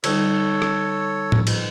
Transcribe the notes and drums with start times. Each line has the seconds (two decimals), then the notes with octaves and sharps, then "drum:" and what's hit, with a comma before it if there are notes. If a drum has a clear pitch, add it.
0.04 D3 G3 D#4 A4 C#5, drum: cymbal
0.62 drum: rim click
1.32 drum: tom A2
1.47 drum: cymbal